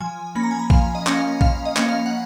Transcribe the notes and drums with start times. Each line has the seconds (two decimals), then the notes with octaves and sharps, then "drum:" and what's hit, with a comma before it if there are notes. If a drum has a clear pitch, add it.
0.01 F3 G#5
0.35 A#3 C#4 B5
0.43 A#5
0.51 G#5
0.59 A#5
0.70 F3 F5, drum: kick A#1
0.95 D#5
1.07 A#3 C#4, drum: clap
1.17 F5
1.41 F3 F5, drum: kick A#1
1.65 D#5
1.76 A#3 C#4, drum: clap
1.89 F5
2.06 F#5